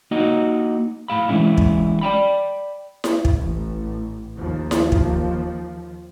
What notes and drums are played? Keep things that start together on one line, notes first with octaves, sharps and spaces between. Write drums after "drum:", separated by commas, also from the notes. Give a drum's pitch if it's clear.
A#3 D#4 F#4 D#5
A2 F5 B5
E3 G#3 C#4 E4
drum: kick
D5 D#5 G5 B5
drum: snare E4
drum: kick
A1
D#2 F3
drum: snare E4
drum: kick